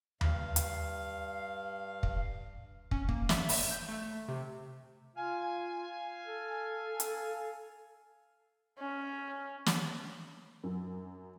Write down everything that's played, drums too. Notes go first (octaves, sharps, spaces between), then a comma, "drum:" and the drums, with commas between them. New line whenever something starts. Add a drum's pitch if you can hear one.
G2 F5, drum: tom D#2
drum: hi-hat
drum: kick
C#4, drum: kick
A#3, drum: kick
E5, drum: snare
drum: open hi-hat
G6
A3
C3
F4 F5 G#5
A4
drum: hi-hat
C#4
drum: snare
F#2